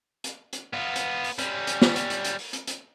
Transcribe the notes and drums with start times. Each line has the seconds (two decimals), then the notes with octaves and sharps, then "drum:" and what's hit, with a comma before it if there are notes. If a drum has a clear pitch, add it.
0.24 drum: hi-hat
0.53 drum: hi-hat
0.73 B3 F4
0.96 drum: hi-hat
1.24 drum: open hi-hat
1.39 G3 C#4, drum: hi-hat
1.67 drum: hi-hat
1.82 drum: snare B3
1.96 drum: hi-hat
2.10 drum: hi-hat
2.25 drum: hi-hat
2.39 drum: open hi-hat
2.53 drum: hi-hat
2.67 drum: hi-hat